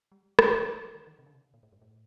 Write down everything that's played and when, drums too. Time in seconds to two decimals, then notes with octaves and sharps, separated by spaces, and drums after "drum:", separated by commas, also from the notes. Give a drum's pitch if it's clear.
0.12 G3
0.39 drum: rim click
0.48 G3
0.58 A3
0.64 G3
0.83 F#3
0.95 D#3
1.07 D#3
1.19 C3
1.26 D3
1.34 C3
1.54 A#2
1.63 A2
1.72 G2
1.82 A2